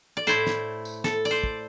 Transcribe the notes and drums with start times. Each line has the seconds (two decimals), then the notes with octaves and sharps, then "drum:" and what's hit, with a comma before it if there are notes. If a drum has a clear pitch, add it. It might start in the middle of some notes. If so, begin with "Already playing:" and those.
0.17 D5
0.27 A2 A3 E4 C5
0.47 drum: snare
0.85 drum: tambourine
1.04 A4, drum: snare
1.25 D5, drum: tambourine
1.31 C5
1.43 drum: kick